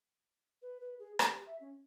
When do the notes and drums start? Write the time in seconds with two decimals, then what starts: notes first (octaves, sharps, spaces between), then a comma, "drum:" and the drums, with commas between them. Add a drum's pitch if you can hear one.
0.62 B4
0.81 B4
0.99 G#4
1.19 G4, drum: rim click
1.46 E5
1.60 C#4